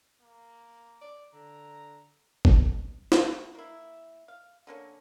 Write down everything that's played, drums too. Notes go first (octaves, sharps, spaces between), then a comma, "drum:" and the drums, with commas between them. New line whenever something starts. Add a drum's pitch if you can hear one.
A#3
D5
D3 A#5
drum: kick
drum: snare
F#4
A#3 E4
F5
D3 A#3 C#4